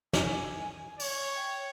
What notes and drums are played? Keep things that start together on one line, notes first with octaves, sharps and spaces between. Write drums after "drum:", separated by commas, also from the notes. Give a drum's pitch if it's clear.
G#5, drum: snare
C#5, drum: open hi-hat
G5